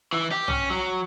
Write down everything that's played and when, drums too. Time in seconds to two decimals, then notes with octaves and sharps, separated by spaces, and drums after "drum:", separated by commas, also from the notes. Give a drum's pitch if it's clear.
0.13 E3
0.31 G4
0.48 C#4, drum: tom
0.71 F#3